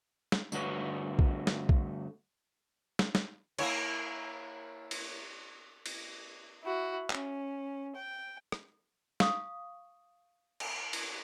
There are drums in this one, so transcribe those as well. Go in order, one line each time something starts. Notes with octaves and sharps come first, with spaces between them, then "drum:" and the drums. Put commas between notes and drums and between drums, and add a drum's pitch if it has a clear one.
drum: snare
G2 D3 A3 F#4 B4 C#5, drum: tambourine
drum: kick A#1
drum: snare
drum: kick A#1
drum: snare
drum: snare
A#3 E4 C#5, drum: cymbal
drum: cymbal
drum: cymbal
E4 F#4
C#4, drum: clap
G5
drum: rim click
F5 C#6 D#6, drum: snare
drum: cymbal
drum: cymbal